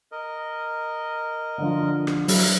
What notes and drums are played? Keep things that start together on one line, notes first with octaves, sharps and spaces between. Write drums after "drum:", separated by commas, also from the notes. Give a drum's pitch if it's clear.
A#4 D#5
D3 F3
drum: rim click
F#3 E4 B4 F5, drum: open hi-hat